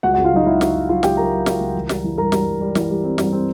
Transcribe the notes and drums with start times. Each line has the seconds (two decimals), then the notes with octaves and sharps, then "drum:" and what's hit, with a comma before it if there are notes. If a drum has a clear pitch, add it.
0.03 C#2 F#4 F#5
0.14 C#3 F#4 F#5
0.24 F4 F5
0.32 F#3 D#4 D#5
0.46 C#2 E4 E5
0.61 C#3, drum: snare
0.74 C#3
0.89 F#3 F4 F5
1.03 C#2 G4 G5, drum: snare
1.17 F#3 A#4 A#5
1.33 F#3
1.46 C#2, drum: snare
1.61 C#2
1.75 E3
1.89 G3, drum: snare
2.04 E3
2.17 G2 A#4 A#5
2.32 G3, drum: snare
2.46 G2
2.61 G3
2.75 E3, drum: snare
2.90 G3
3.04 C4
3.18 G2, drum: snare
3.33 C4